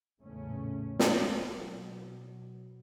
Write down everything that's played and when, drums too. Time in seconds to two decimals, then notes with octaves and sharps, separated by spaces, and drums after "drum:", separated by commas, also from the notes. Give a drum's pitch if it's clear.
0.22 A#1 E2 A2 C#3 A3 C#4
0.99 drum: snare
1.18 B2 F#3